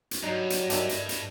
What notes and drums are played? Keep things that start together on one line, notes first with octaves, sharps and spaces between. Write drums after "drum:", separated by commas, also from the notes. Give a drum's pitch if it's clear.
drum: hi-hat
G2 F#3 D#4 D5
drum: hi-hat
D3 D#3 E5, drum: hi-hat
drum: hi-hat
drum: hi-hat